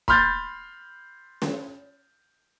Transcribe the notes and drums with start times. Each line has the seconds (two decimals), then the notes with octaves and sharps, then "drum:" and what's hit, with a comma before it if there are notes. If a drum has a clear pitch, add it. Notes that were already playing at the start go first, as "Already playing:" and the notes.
0.08 B5 C6 F6 G6 A6, drum: kick
1.42 drum: snare